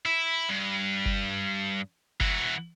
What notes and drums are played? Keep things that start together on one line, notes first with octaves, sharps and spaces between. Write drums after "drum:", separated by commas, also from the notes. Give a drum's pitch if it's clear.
E4
G2
drum: kick F#1
E3 F#4, drum: kick F#1